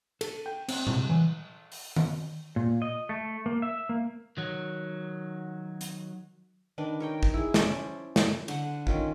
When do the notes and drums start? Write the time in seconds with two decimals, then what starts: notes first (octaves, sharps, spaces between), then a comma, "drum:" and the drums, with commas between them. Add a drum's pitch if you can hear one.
0.21 A4, drum: cymbal
0.46 G5
0.68 C4, drum: cymbal
0.87 C3, drum: tom A#2
1.10 E3
1.72 drum: open hi-hat
1.96 drum: tom D#3
2.56 A#2
2.82 D#5
3.09 A3
3.46 A#3
3.62 E5
3.89 A#3
4.37 D#3 F#3
5.81 drum: hi-hat
6.78 D#3 D4 B4
7.00 A#4 C#5 G5
7.23 drum: kick
7.34 E4 G#4
7.54 C#4 C5 D5 A5, drum: snare
8.16 drum: snare
8.48 D3 F#5, drum: cymbal
8.87 D#3 C#4 F4, drum: kick